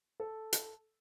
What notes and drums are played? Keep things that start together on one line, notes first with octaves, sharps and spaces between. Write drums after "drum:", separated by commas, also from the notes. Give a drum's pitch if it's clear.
A4
drum: hi-hat